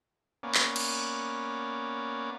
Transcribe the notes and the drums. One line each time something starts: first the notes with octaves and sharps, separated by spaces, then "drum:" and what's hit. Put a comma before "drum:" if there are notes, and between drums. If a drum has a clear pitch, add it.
A#3 B3 C#4 D5
drum: clap
drum: cymbal